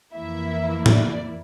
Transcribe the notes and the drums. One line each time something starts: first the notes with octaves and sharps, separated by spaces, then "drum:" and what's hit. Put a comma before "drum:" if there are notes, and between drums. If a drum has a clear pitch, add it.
F2 E3 A#3 E4 E5
D5, drum: tom